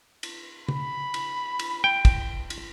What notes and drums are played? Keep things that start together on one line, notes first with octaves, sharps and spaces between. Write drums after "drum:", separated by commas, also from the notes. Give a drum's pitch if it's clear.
drum: cymbal
B5, drum: tom C#3
drum: cymbal
drum: cymbal
G5
drum: kick, cymbal
drum: cymbal